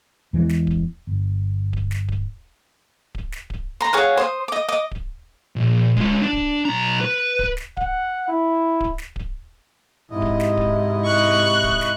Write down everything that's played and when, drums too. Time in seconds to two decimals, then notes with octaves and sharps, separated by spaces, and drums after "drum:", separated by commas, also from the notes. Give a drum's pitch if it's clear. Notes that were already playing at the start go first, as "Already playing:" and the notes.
0.33 E2 E3 G#3
0.49 drum: snare
0.67 drum: kick D1
1.07 G1
1.73 drum: kick D1
1.91 drum: snare
2.09 drum: kick D1
3.15 drum: kick D1
3.32 drum: snare
3.50 drum: kick D1
3.81 A#5 C6
3.93 G#4 C#5 F5 F#5
4.17 C5 D#6
4.48 D#5 D6
4.68 D#5 D6
4.91 drum: kick D1
5.56 A#2 F3
5.97 G#3 F4, drum: kick D1
6.22 D4
6.33 drum: kick D1
6.65 B1 A#5
7.01 B4
7.39 drum: kick D1
7.57 drum: snare
7.77 F#5, drum: kick D1
8.27 E4
8.80 drum: kick D1
8.98 drum: snare
9.16 drum: kick D1
10.11 G#2 C3 E4 D#5
10.22 drum: kick D1
10.40 drum: snare
10.57 drum: kick D1
11.04 C#6 F#6
11.63 drum: kick D1
11.81 drum: snare